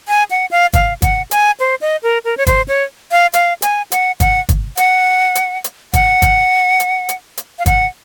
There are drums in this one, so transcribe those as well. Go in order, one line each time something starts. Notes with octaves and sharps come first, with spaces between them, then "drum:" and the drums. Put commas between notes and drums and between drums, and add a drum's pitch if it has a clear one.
G#5
F#5
F5
F5, drum: kick, hi-hat
F#5, drum: kick, hi-hat
G#5, drum: hi-hat
C5
D#5
A#4
A#4
C#5
C5, drum: kick, hi-hat
C#5
F5
F5, drum: hi-hat
G#5, drum: hi-hat
F#5, drum: hi-hat
F#5, drum: kick, hi-hat
drum: kick, hi-hat
F#5, drum: hi-hat
drum: hi-hat
drum: hi-hat
F#5, drum: kick, hi-hat
drum: kick, hi-hat
drum: hi-hat
drum: hi-hat
drum: hi-hat
F5
F#5, drum: kick, hi-hat